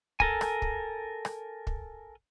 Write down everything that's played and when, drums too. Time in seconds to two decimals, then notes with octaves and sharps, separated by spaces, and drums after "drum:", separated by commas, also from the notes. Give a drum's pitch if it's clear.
0.20 A4 A#4 G#5, drum: kick
0.41 drum: rim click
0.62 drum: kick
1.25 drum: rim click
1.67 drum: kick